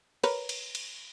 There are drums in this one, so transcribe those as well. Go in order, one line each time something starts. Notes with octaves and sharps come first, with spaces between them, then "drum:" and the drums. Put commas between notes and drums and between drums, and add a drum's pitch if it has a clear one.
A#4 B4 C#5, drum: cymbal
drum: cymbal
drum: cymbal